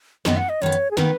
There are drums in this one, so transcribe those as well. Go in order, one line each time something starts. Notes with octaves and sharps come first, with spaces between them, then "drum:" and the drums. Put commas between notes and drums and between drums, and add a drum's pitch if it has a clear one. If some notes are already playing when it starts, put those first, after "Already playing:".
F#2 D#3 B3 D#5, drum: snare
F#5
D#5
F#2 D#3 B3 C#5
drum: hi-hat
G#4
D#3 B3 B4, drum: snare